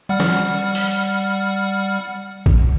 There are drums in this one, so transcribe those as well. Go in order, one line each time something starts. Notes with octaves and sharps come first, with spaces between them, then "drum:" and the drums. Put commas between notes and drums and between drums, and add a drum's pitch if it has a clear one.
G3 F#5 F6
drum: snare
drum: open hi-hat
drum: kick